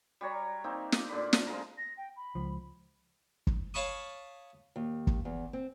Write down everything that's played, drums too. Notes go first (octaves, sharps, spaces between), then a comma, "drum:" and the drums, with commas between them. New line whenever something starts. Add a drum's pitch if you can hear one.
G3 F#4 C#5 A#5
A#3 C4 D#4
drum: snare
A#2 D3 D5 B5
A5, drum: snare
F3 G#3 F4 A#4
A#6
G5
B5
C#2 F3
drum: kick
C#5 F5 A5 B5 C#6 D#6
D#2
drum: kick
E2
C4